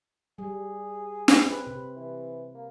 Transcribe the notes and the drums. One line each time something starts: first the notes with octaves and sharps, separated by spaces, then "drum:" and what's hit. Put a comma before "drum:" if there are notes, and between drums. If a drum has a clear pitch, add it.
G3 G#4
drum: snare
C4 B4
C3
E3
A#3